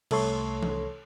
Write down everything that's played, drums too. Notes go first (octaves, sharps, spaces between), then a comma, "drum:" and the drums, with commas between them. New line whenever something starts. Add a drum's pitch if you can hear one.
C2 A3 A4 C#5 C6, drum: cymbal
drum: tom E3